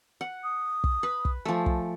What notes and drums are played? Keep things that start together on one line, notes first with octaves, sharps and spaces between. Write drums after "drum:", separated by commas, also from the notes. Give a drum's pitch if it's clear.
F#5
D#6
drum: kick
B4
drum: kick
F3 A3 G#5
drum: kick